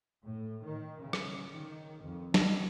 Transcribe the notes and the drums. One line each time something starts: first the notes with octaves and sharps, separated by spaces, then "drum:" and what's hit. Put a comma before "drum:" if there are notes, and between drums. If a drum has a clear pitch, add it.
A2
D#3
C#3
drum: rim click
D#3
F2
G3, drum: snare